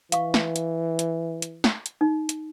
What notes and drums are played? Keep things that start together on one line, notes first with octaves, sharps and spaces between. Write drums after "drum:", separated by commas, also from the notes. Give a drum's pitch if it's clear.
E3 F5 C#6, drum: hi-hat
drum: snare
drum: hi-hat
drum: hi-hat
drum: hi-hat
drum: snare
drum: hi-hat
D#4
drum: hi-hat